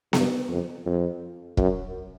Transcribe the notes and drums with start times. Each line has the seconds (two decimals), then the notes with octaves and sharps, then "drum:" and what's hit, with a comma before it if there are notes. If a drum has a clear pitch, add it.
0.13 G2, drum: snare B3
0.49 F2
0.86 F2
1.57 F#2, drum: kick